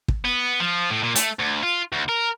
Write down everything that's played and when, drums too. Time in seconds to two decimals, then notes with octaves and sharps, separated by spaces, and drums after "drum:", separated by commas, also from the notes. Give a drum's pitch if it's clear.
0.08 drum: kick
0.25 B3
0.60 F3
0.90 A2
1.03 A#2
1.15 A3, drum: hi-hat
1.39 D2
1.63 F4
1.92 D2
2.08 A#4